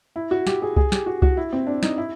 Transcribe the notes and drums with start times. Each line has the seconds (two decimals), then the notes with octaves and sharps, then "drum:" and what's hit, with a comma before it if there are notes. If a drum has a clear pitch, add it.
0.16 E4
0.31 F#4
0.47 G4, drum: snare
0.62 G#4
0.77 G#4, drum: kick C2
0.92 G4, drum: snare
1.06 F#4
1.22 F#4, drum: kick C2
1.37 E4
1.53 C4
1.67 D4
1.83 D#4, drum: snare
1.98 E4